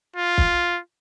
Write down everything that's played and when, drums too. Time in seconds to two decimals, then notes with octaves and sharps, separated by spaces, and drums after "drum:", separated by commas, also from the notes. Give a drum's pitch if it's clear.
0.16 F4
0.38 drum: kick